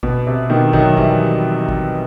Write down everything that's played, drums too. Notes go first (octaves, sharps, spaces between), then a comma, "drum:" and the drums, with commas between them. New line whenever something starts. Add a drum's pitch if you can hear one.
B2, drum: kick G#1
C3
B2 D#3
D#3 F#3, drum: kick G#1
E3 G3, drum: kick G#1
drum: kick G#1